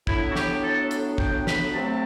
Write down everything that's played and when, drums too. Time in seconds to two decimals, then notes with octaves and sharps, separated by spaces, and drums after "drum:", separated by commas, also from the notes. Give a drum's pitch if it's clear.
0.07 A2 F#3 B3 D4 E4, drum: kick
0.30 F#4
0.36 G4, drum: snare
0.63 A4
0.91 drum: hi-hat
1.18 G5, drum: kick
1.47 B5, drum: snare
1.74 C2 C3 F#3 A3 C4 A5